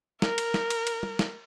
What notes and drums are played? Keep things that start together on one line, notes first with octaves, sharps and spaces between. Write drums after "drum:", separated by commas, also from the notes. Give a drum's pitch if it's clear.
A#4, drum: snare
drum: cymbal
drum: snare
drum: cymbal
drum: cymbal
drum: tom
drum: snare